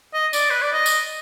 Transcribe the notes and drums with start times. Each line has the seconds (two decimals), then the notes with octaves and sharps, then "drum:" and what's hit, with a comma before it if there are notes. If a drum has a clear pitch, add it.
0.13 D#5
0.33 D5, drum: tambourine
0.50 B4
0.62 D5
0.72 D#5
0.86 drum: tambourine